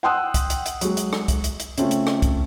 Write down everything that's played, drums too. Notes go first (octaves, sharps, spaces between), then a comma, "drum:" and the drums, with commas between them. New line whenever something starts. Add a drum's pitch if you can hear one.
F#5 G5 C6 D#6 E6 F#6
drum: kick C2, hi-hat
drum: hi-hat
drum: hi-hat
F#3 G#3, drum: hi-hat
drum: hi-hat
drum: rim click
drum: kick C2, hi-hat
drum: hi-hat
drum: hi-hat
C#3 A3 C4 C#4 F4, drum: hi-hat
drum: hi-hat
drum: rim click
drum: kick C2, hi-hat